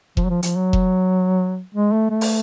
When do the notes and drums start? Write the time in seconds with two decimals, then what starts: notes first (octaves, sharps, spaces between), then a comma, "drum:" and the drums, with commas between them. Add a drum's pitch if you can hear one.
0.17 F3, drum: kick F1
0.24 F#3
0.30 F3
0.43 F3, drum: hi-hat
0.56 F#3
0.73 drum: kick F1
1.74 G#3
1.92 A3
2.10 A3
2.21 drum: open hi-hat